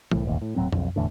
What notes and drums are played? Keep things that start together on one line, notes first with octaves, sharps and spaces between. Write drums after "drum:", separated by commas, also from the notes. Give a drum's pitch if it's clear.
C2 A2, drum: tom E3
E1 A1 D#2
A2
D#1 A2 F#3 C4
B1 F2, drum: tom F2
E1 E2 A2 D3